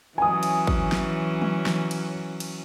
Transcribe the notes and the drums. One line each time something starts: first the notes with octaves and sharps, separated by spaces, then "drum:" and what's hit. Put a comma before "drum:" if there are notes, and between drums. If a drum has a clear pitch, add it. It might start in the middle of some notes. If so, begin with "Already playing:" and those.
E3 F#3 C#4 G#5 D#6
drum: cymbal
drum: kick G#1
drum: snare
drum: tom
drum: snare
drum: cymbal
drum: cymbal